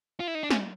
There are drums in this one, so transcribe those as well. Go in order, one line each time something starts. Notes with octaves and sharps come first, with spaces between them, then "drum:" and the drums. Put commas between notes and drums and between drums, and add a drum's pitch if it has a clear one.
F4
E4
D#4
D4
C#4, drum: snare